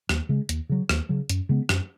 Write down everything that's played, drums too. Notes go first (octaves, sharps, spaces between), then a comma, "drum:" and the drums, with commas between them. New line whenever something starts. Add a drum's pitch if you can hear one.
D#2, drum: rim click
C#3 G#3
D#2, drum: hi-hat
C#3 F#3
D#2, drum: rim click
C#3 F#3
F#2, drum: hi-hat
C#3 G#3 B3
F#2, drum: rim click